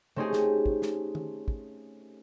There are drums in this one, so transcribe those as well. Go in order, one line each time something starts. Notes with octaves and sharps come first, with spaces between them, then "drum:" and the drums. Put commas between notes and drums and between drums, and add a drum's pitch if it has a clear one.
A3 C4 C#4 D#4 G4 G#4
drum: snare
drum: kick
drum: snare
drum: tom D#3
drum: kick